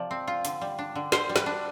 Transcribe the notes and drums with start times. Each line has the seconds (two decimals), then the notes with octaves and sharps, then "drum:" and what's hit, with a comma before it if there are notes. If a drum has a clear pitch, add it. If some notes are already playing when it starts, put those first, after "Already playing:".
Already playing: C3 F3 D5
0.11 C4
0.27 F4
0.45 D3, drum: hi-hat
0.61 G3
0.79 D4
0.96 D3
1.12 D3 C5, drum: snare
1.29 G3
1.36 B4, drum: snare
1.46 D4